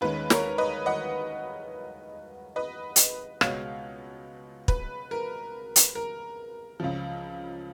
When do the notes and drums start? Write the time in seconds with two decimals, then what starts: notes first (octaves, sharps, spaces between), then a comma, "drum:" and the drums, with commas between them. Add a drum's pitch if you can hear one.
0.01 D#2 D#3 G#3 C#4 B4
0.30 A#4 C#5, drum: snare
0.58 B4 D#5
0.86 D#5 F#5
2.56 B4 D#5
2.96 drum: hi-hat
3.41 C#2 B2 G#3 B3 C#5 F5, drum: rim click
4.68 B4, drum: kick
5.11 A#4
5.76 drum: hi-hat
5.95 A#4
6.80 C#2 C#3 F3